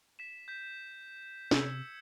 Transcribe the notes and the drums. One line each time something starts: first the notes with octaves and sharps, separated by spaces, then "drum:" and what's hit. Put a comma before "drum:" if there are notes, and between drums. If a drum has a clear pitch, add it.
B6 E7
G6 B6
C3 E6 G#6 C#7, drum: snare